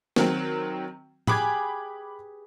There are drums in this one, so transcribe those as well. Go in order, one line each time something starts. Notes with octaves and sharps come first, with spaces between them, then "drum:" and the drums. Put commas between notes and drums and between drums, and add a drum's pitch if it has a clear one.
D#3 F#3 C4, drum: snare
G4 G#4 B4 B5 D6 G#6, drum: tom A2